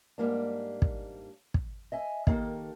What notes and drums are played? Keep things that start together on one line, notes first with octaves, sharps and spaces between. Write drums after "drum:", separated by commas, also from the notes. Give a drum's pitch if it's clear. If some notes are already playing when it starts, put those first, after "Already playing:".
G#2 G3 A#3 D4
drum: kick
drum: kick
D#5 E5 G#5
D#3 A#3 G4 A4, drum: kick